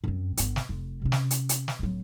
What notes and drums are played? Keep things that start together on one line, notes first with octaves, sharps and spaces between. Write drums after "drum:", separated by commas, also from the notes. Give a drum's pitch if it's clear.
F#2 C4
G1 B3, drum: hi-hat
drum: snare
F1
C3 C#4
drum: snare
drum: hi-hat
drum: hi-hat
drum: snare
D1 F#3